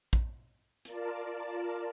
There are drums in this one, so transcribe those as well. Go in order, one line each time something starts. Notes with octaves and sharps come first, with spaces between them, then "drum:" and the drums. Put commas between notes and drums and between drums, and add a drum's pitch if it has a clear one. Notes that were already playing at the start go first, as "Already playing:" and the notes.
drum: kick
F4 A#4 D5 A5, drum: hi-hat